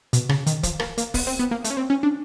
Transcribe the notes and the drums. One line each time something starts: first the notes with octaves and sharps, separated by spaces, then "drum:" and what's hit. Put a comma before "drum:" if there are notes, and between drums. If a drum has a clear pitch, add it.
B2, drum: hi-hat
C#3, drum: rim click
D#3, drum: hi-hat
F3, drum: kick, hi-hat
A#3, drum: rim click
A#3, drum: hi-hat
B3, drum: kick, open hi-hat
C4
B3
A#3
A3, drum: hi-hat
C#4
C4
C#4
D4